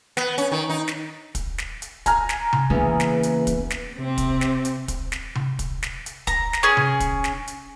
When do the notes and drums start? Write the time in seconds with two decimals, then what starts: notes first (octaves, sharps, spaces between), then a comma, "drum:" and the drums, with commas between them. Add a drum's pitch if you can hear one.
0.17 B3, drum: snare
0.38 C#4, drum: hi-hat
0.52 D#3
0.70 D#4
0.88 drum: snare
1.35 drum: kick, hi-hat
1.58 drum: snare
1.82 drum: hi-hat
2.06 G#5 A#5 F6, drum: kick, hi-hat
2.29 drum: snare
2.53 drum: tom C3
2.70 E2 C#3 A#3 B4
3.00 drum: snare
3.23 drum: hi-hat
3.47 drum: kick, hi-hat
3.70 drum: snare
3.96 C3 C4
4.18 drum: kick, hi-hat
4.41 drum: snare
4.65 drum: hi-hat
4.88 drum: kick, hi-hat
5.12 drum: snare
5.35 drum: tom C3
5.59 drum: kick, hi-hat
5.83 drum: snare
6.06 drum: hi-hat
6.27 A#5, drum: kick, hi-hat
6.53 drum: snare
6.63 C#4 G#4
6.77 drum: tom C3
7.00 drum: kick, hi-hat
7.24 drum: snare
7.47 drum: hi-hat